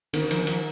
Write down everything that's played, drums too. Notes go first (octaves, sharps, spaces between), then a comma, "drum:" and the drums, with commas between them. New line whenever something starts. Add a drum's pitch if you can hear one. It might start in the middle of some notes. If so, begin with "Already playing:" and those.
D3 D#3, drum: cymbal
F3, drum: cymbal
D#3
F3, drum: cymbal